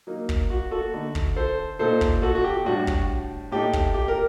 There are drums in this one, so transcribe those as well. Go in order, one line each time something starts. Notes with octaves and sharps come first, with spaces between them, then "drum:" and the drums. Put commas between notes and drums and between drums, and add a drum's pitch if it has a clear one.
F#3 A#3 D#4
drum: kick
F#4
F#4 A4
D3 A3 D#4
drum: kick
A4 C5
A#2 A3 D#4 A4 C5
drum: kick
F#4 A4
F#4
G4
A2 G3 D4 F#4
drum: kick
A2 A3 D#4 G4
drum: kick
G4
A#4